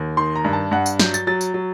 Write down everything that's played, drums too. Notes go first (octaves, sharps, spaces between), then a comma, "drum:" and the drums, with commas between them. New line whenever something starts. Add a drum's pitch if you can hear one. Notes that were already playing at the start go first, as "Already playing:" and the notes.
Already playing: D#2
D#3 C6
A#5
G2
A5
G2 F#5
drum: tambourine
F#3 G6, drum: snare
A6, drum: tambourine
F#3 A6
drum: tambourine
F#3